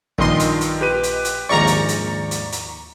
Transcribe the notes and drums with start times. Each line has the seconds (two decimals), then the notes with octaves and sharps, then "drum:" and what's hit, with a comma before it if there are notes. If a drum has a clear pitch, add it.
0.18 A#1 G2 A#2 D#3 D#5 C6
0.40 drum: hi-hat
0.61 drum: hi-hat
0.81 G4 B4 D#7
1.04 drum: hi-hat
1.25 drum: hi-hat
1.49 A#1 D#2 G#2 A#3 D5 A#5 C#6
1.67 drum: hi-hat
1.89 drum: hi-hat
2.31 drum: hi-hat
2.52 drum: hi-hat